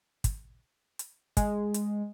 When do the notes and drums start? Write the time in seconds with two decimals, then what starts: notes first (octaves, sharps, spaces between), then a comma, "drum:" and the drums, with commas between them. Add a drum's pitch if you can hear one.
0.24 drum: kick, hi-hat
0.99 drum: hi-hat
1.37 G#3, drum: kick, hi-hat
1.74 drum: hi-hat